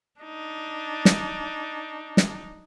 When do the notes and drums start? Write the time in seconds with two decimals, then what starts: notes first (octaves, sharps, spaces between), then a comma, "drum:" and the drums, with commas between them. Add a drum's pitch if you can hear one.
0.21 D4 D#4
1.05 drum: snare
2.17 drum: snare